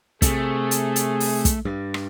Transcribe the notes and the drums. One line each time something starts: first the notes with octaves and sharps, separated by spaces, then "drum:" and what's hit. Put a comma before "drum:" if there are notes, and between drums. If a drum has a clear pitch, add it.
C3 A3 G#4, drum: kick, hi-hat
drum: hi-hat
drum: hi-hat
drum: open hi-hat
drum: kick, hi-hat
G2
drum: rim click